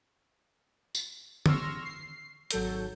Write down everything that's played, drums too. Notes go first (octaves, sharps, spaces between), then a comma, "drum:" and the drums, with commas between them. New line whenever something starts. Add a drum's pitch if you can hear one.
drum: tambourine
C6 C#6 E6 F6 A#6, drum: tom
C7
G#1 F#3 A4 G6, drum: hi-hat